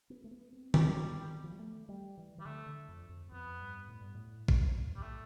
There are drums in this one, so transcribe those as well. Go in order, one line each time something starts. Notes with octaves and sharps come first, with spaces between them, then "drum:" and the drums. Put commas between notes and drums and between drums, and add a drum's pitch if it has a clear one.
B3
A3
B3
C4
G3 B3, drum: tom D#3
F3
G3
A3
G3
E3
E3 G3
D3 A3
D3
F2
F2
F2 B3
G2
A2
G2
A2
drum: kick A1
G3
A3